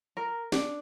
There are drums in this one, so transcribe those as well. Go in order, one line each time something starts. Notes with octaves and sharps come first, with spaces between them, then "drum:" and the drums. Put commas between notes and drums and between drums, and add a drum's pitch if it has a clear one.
A#4
D4, drum: snare